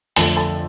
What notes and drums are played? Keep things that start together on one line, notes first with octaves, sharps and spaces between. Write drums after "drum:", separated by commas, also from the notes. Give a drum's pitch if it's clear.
F2 D3 A3 A4 A5, drum: open hi-hat
A4 A5